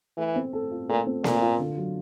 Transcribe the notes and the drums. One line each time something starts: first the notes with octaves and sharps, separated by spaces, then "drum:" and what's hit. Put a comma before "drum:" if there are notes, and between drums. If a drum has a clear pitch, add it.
E3 A3
C4
A4
F4
A#2 A3
C4
A#2 A4, drum: snare A#3
F4
D3
F#3